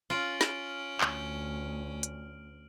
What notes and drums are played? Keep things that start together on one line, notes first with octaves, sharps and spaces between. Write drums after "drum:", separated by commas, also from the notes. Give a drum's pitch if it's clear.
C#4 F4 F6 D7 F#7
drum: snare
D2, drum: clap
drum: hi-hat